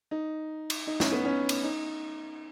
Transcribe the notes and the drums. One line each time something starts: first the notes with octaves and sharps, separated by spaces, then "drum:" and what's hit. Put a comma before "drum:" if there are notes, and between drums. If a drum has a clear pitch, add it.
D#4
drum: cymbal
D#4
C#4, drum: snare
B3
C#4
drum: cymbal
D#4